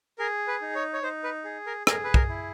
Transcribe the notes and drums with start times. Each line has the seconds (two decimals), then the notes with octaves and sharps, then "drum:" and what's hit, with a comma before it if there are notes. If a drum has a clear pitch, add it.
0.19 G#4 A#4
0.47 B4
0.62 D#4
0.75 C#5
0.93 C#5
1.03 D#4 C5
1.24 B4
1.44 G#4
1.66 A#4
1.87 G#4 A#4, drum: rim click
2.04 B4
2.14 A#4, drum: kick
2.29 E4